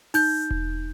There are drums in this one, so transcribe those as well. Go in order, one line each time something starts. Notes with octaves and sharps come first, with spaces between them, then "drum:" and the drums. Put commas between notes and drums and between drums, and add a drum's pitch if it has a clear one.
D#4 G6, drum: open hi-hat
drum: kick E1